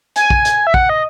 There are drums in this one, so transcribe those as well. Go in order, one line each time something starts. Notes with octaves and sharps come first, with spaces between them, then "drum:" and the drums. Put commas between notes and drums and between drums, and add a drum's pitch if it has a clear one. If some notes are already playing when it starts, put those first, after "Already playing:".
G#5, drum: hi-hat
drum: kick
drum: hi-hat
E5
F#5, drum: kick
D#5